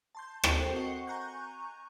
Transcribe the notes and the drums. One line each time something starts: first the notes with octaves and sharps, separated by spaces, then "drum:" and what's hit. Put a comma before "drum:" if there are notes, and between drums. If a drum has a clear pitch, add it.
A5 C6 G6
drum: rim click
C4 F#4 A4 A#4 C5 G5
D#5 F#5 C#6 C7 C#7 G7
G#5 A#5 C#6 F#6 G6